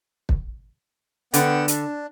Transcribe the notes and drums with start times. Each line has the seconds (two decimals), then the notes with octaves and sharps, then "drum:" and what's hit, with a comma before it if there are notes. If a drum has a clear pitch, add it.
0.29 drum: kick
1.34 D3 B3 F#5 G5, drum: hi-hat
1.68 D4, drum: hi-hat